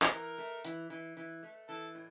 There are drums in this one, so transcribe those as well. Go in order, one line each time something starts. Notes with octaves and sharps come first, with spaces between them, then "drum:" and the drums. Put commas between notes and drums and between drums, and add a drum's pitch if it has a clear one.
drum: clap
E3 A#4
A3
E3, drum: hi-hat
E3
E3
A3
E3 A4
A2